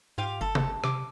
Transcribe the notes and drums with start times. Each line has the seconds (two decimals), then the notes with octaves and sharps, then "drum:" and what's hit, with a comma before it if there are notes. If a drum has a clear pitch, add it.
0.18 G#2 F4 G4 F5
0.41 G1 A4
0.55 drum: tom
0.84 C3 D6, drum: rim click